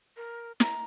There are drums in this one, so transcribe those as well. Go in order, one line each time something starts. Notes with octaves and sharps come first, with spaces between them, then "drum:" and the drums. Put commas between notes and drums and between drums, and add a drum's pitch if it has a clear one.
A#4
A#5, drum: snare